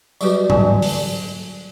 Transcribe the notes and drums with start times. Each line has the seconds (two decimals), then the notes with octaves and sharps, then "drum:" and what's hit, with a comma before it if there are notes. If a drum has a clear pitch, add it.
0.21 F#3 G3 F#4 G4 B4 D5, drum: tambourine
0.50 D3 F#3 G3 D5 G#5 A5, drum: tom
0.82 drum: open hi-hat